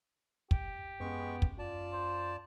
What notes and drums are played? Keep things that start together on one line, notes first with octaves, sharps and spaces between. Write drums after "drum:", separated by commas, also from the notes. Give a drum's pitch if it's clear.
G4, drum: kick
F#2 G#3 B3 C#6
drum: kick
F4 D5 A5
C5